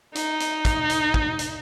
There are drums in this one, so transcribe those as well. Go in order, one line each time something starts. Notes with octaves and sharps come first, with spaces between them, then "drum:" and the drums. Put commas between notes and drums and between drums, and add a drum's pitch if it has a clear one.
D#4, drum: hi-hat
drum: hi-hat
drum: kick, hi-hat
drum: hi-hat
drum: kick
drum: hi-hat